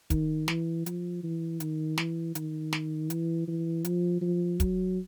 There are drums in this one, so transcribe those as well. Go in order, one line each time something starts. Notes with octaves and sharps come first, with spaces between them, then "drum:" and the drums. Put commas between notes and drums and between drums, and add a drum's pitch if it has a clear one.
D#3, drum: kick, hi-hat
E3, drum: snare
F3, drum: hi-hat
E3
D#3, drum: hi-hat
E3, drum: snare
D#3, drum: hi-hat
drum: snare
E3, drum: hi-hat
E3
F3, drum: hi-hat
F3
F#3, drum: kick, hi-hat